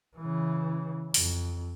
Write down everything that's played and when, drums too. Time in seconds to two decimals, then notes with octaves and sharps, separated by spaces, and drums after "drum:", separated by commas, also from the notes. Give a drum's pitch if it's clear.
0.17 C#3 E3
1.14 F2, drum: open hi-hat